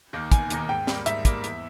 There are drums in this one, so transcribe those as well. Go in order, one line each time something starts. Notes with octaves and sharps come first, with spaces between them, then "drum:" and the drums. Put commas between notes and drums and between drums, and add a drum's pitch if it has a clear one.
D#2 D#3 A#3 D#4
E1 G#5, drum: kick, hi-hat
D#2 D#3 A#3 D#4, drum: hi-hat
G#2 G5
G3 A#3, drum: snare
G#2 E5, drum: hi-hat
G3 A#3, drum: kick, hi-hat
E2, drum: hi-hat